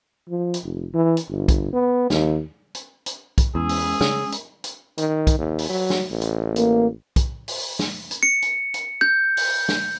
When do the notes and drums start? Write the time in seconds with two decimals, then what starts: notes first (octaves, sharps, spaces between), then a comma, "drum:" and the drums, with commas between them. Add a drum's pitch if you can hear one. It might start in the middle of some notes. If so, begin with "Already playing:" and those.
0.29 F3
0.54 drum: hi-hat
0.63 F1
0.94 E3
1.17 drum: hi-hat
1.28 G1
1.48 drum: kick, hi-hat
1.73 B3
2.10 D#2, drum: snare
2.75 drum: hi-hat
3.06 drum: hi-hat
3.38 drum: kick, hi-hat
3.55 E2 G#3 C#4 G#4 E6
3.69 drum: open hi-hat
4.01 C#3, drum: snare
4.32 drum: hi-hat
4.64 drum: hi-hat
4.98 D#3, drum: hi-hat
5.27 drum: kick, hi-hat
5.38 D#2
5.58 drum: open hi-hat
5.69 F#3
5.90 drum: snare
6.11 A1
6.22 drum: hi-hat
6.56 A#3, drum: hi-hat
7.16 drum: kick, hi-hat
7.48 drum: open hi-hat
7.79 drum: snare
8.11 drum: hi-hat
8.23 C#7
8.42 drum: hi-hat
8.74 drum: hi-hat
9.01 G6
9.37 drum: open hi-hat
9.69 drum: snare